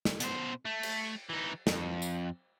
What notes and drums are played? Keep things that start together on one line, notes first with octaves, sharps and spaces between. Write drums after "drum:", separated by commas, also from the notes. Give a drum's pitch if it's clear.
drum: snare
B2 C5, drum: hi-hat
A3
drum: cymbal
E3 D#4
F2, drum: snare
drum: tambourine